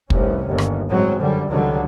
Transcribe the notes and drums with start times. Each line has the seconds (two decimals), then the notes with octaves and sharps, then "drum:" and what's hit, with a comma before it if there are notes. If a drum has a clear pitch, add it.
0.10 F1 C2 A2 C3 C#4, drum: kick
0.47 G1 D#2
0.58 drum: rim click
0.90 A2 F#3 G#3 C4
1.18 F#2 D3 G3
1.48 C#2 D3 D#3 F#3 G3